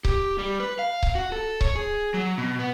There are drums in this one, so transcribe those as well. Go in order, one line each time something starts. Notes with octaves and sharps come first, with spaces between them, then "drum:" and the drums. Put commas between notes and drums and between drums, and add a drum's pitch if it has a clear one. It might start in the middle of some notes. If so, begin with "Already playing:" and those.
G4, drum: kick C#1
G3
B4
F5
drum: kick C#1
F#4
A4
C#5, drum: kick C#1
G#4
F#3
B2
B3